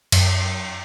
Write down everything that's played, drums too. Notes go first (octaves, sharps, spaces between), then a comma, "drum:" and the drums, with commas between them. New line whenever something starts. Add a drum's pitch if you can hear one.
F#2, drum: cymbal